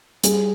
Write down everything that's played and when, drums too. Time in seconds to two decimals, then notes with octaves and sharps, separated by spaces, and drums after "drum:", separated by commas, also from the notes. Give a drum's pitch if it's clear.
0.23 G3 G#4, drum: hi-hat